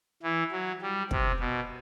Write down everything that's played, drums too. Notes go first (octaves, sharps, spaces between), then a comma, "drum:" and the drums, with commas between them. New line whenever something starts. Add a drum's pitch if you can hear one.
E3
F#3
G3
C3, drum: kick
B2